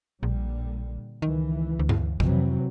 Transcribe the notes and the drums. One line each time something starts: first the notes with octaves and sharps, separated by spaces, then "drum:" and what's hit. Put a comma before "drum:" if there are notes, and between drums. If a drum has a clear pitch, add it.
A#1 A#2 D3 G3
C#2 D#3 E3
D2
drum: tom G2
F2 C3 E3 F#3, drum: kick